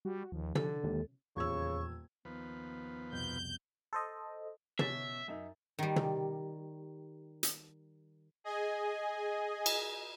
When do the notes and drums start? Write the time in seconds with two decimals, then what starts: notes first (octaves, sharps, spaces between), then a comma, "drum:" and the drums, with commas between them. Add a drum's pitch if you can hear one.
0.05 G3 F#4
0.32 D#2 F3
0.55 D3 A4, drum: tom
0.84 D#2 G#3
1.36 D#1 E2 C#3 C#6 E6 G#6
2.25 D#2 F3 B3 B4
3.12 C2 F2 B2 G6
3.93 A4 C5 D#5
4.79 B2 C#5 E5 A6, drum: tom
5.28 F#2 D#4 E5
5.79 D#3 G3
5.96 drum: tom
7.43 drum: hi-hat
8.44 G#4 D#5 G#5
9.66 drum: cymbal